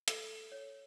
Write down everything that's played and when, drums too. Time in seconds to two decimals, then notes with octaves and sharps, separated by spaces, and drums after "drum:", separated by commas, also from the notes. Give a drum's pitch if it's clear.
0.08 A4 E6, drum: hi-hat
0.52 C#5